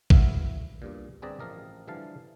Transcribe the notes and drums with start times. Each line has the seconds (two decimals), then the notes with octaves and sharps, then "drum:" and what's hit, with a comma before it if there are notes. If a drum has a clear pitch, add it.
0.10 B3 E4 F#4 E5 F5, drum: kick A#1
0.82 E2 G2 A#2
1.22 G1 C4 G#4 B4 D5 A#5
1.39 A1 F3 A#4 D#5
1.88 G2 D3 E3 F3 F5 A5